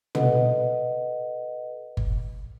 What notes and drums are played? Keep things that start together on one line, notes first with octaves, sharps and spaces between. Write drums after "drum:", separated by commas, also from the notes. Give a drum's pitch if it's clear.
A4 B4 D#5 F#5, drum: tom
drum: kick G1